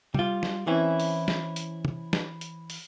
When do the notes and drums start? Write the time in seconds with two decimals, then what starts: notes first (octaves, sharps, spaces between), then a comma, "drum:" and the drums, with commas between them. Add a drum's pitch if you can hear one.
0.14 G3 F4, drum: tom
0.43 drum: snare
0.67 E3 C4 C#4 E4
1.00 drum: open hi-hat
1.28 drum: snare
1.56 drum: hi-hat
1.85 drum: tom
2.13 drum: snare
2.41 drum: hi-hat
2.70 drum: open hi-hat